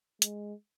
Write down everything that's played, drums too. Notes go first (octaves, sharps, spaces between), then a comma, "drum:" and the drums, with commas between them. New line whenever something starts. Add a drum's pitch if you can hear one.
G#3, drum: hi-hat